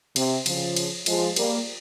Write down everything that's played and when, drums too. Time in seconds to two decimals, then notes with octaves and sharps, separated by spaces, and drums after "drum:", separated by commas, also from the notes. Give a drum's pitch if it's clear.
0.16 C3, drum: cymbal
0.46 C#3 F3, drum: cymbal
0.76 drum: cymbal
1.06 F3 G#3, drum: cymbal
1.36 G3 A#3, drum: cymbal